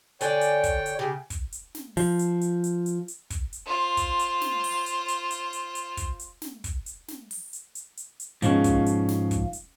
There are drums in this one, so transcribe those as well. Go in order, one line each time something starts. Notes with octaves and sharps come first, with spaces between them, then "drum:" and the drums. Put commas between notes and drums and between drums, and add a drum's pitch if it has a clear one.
D3 C#5 D5 G5 G#5, drum: hi-hat
drum: hi-hat
drum: kick, hi-hat
drum: hi-hat
C#3 G4
drum: kick, hi-hat
drum: hi-hat
drum: snare
F3, drum: open hi-hat
drum: hi-hat
drum: hi-hat
drum: hi-hat
drum: hi-hat
drum: hi-hat
drum: kick, hi-hat
drum: hi-hat
F4 C5
drum: kick, hi-hat
drum: hi-hat
drum: snare
drum: open hi-hat
drum: hi-hat
drum: hi-hat
drum: hi-hat
drum: hi-hat
drum: hi-hat
drum: kick, hi-hat
drum: hi-hat
drum: snare
drum: kick, hi-hat
drum: hi-hat
drum: snare
drum: open hi-hat
drum: hi-hat
drum: hi-hat
drum: hi-hat
drum: hi-hat
G#2 B2 F3 G#3 C#4, drum: hi-hat
drum: kick, hi-hat
drum: hi-hat
drum: snare
drum: kick, hi-hat
drum: hi-hat